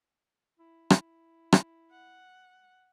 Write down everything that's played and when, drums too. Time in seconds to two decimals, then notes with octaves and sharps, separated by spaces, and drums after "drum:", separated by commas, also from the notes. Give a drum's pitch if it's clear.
0.59 E4
0.90 drum: rim click
1.52 drum: rim click
1.91 F#5